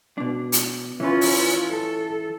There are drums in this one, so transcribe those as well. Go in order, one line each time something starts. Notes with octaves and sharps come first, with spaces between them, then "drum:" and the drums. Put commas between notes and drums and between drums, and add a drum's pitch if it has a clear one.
B2 D4
drum: hi-hat
E3 C#4 F4 B4
drum: open hi-hat
A4